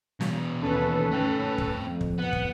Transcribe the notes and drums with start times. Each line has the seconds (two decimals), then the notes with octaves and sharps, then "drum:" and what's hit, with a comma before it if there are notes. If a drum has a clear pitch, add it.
0.21 E2 B2, drum: snare
0.62 D#2 C#4 A4 B4
1.11 A3 G5
1.58 drum: kick
1.74 F2
2.01 drum: kick
2.18 B3 F#5
2.33 drum: kick